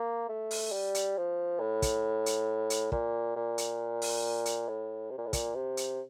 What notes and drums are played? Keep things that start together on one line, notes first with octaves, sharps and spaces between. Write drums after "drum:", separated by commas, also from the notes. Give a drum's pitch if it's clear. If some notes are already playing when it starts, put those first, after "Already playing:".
Already playing: A#3
A3
drum: open hi-hat
G3
drum: hi-hat
F3
A2
drum: kick, hi-hat
drum: hi-hat
drum: hi-hat
A#2, drum: kick
A#2
drum: hi-hat
drum: open hi-hat
drum: hi-hat
A2
C3
A#2
A2
A#2, drum: kick, hi-hat
C3
drum: hi-hat